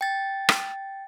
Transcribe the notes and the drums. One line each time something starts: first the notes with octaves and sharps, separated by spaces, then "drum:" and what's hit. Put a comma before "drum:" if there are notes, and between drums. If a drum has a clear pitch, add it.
G5 A6
drum: rim click